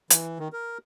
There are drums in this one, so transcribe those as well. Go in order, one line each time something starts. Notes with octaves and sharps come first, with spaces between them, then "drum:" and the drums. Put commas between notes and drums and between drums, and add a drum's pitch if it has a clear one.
E3, drum: hi-hat
D#3
A#4